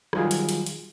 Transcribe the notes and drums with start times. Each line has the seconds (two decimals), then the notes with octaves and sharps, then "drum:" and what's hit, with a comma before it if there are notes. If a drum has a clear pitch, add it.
0.13 D#3 F#3 G3 F4 G#4, drum: rim click
0.31 drum: hi-hat
0.49 drum: hi-hat
0.66 drum: hi-hat